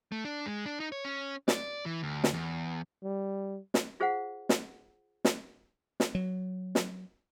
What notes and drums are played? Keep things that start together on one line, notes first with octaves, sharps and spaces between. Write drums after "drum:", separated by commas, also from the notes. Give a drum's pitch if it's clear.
A3
D4
G#3
D4
D#4
C#5
C#4
D5, drum: snare
E3
D2
drum: snare
E2
G3
drum: snare
F4 G#4 C5 F5 F#5
drum: snare
drum: snare
drum: snare
F#3
drum: snare